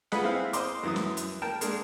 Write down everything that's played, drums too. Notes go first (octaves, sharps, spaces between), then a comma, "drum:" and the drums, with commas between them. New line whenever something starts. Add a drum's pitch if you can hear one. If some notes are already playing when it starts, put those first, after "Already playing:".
F4 G#4 B4 D#5 F#5, drum: snare
C4 E4 F5
C5 D#5 C6 D6, drum: hi-hat
F#2 E3 D#6
drum: snare
drum: hi-hat
A#4 G5 A5
G#3 A#3 D4, drum: hi-hat